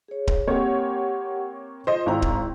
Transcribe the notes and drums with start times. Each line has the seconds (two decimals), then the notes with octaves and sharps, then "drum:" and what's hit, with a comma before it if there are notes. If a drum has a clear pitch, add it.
0.08 G#4 C#5
0.28 drum: kick D1
0.47 A#3 C4 G4 C#5 F#5
1.87 F4 C5 D#5
2.06 G#1 E4 G5 A#5 E6
2.22 drum: kick D1